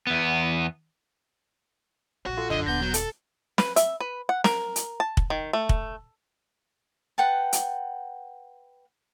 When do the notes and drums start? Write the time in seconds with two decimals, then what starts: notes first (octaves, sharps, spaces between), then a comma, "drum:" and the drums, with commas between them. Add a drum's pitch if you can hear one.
0.07 E2 B3
2.26 A#1 G3 F#4
2.37 F4 A4
2.50 G#1 F#2 D3 D#5
2.66 D#1 B3 G6 A#6
2.81 F#3
2.94 A4, drum: hi-hat
3.58 B4, drum: snare
3.76 E5, drum: hi-hat
4.00 B4
4.29 F#5
4.44 A#4, drum: snare
4.76 drum: hi-hat
5.00 A5
5.17 drum: kick
5.30 D#3
5.53 A3
5.69 drum: kick
7.18 B4 F#5 G5 A5
7.53 drum: hi-hat